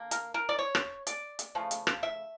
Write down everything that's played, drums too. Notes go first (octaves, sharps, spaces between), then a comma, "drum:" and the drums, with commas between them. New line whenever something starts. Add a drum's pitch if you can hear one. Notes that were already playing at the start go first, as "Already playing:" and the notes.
Already playing: D3 A#3
A#4, drum: hi-hat
A#4
D5
C#5
drum: rim click
D5, drum: hi-hat
drum: hi-hat
C#3 F3 A3
drum: hi-hat
drum: rim click
E5